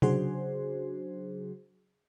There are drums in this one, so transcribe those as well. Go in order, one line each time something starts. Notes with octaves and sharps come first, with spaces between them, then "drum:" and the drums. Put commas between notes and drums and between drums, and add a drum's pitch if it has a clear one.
C#3 F#3 D4 F#4 G#4 C5, drum: tom C3